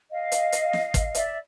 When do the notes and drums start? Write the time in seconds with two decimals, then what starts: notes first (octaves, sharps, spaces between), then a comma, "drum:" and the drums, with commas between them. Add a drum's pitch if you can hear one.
0.11 D#5 F5
0.32 drum: hi-hat
0.52 drum: hi-hat
0.73 drum: snare
0.94 drum: kick, hi-hat
1.15 D5 E5, drum: hi-hat